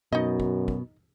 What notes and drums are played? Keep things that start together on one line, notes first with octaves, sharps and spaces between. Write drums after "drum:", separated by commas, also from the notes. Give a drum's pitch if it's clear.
F#2 B2 D#4 D#5
drum: kick
drum: kick